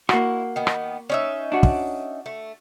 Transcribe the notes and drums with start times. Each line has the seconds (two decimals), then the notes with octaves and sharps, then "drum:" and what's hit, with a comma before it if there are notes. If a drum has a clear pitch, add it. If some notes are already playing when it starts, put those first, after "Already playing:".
0.09 A#3 E4 F#4, drum: rim click
0.56 D#3 B3
0.67 drum: rim click
1.09 C#4 D#4 E5
1.52 D4 F#4
1.63 drum: kick
2.26 A3